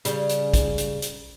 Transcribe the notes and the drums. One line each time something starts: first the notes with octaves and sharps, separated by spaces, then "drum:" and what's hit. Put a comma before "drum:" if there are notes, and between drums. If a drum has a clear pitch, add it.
C#3 G3, drum: hi-hat
drum: hi-hat
drum: kick, hi-hat
drum: hi-hat
drum: hi-hat